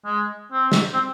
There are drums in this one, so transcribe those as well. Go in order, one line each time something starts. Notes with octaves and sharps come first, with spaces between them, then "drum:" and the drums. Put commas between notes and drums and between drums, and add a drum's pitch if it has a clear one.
G#3
C4
drum: snare
C4